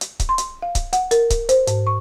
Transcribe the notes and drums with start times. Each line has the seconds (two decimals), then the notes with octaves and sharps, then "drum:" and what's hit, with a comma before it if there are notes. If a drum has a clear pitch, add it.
0.01 drum: hi-hat
0.20 drum: kick C#1, hi-hat
0.29 C6
0.38 drum: hi-hat
0.62 F5
0.75 drum: kick C#1, hi-hat
0.93 F#5, drum: hi-hat
1.11 A#4, drum: hi-hat
1.30 drum: kick C#1, hi-hat
1.49 C5, drum: hi-hat
1.67 G#2, drum: hi-hat
1.87 C#6